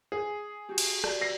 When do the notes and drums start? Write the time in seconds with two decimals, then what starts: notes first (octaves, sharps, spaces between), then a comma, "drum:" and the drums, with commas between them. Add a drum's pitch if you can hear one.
0.12 G#4
0.69 F#4 G4
0.78 drum: cymbal
1.04 D5, drum: rim click
1.22 A#6 C7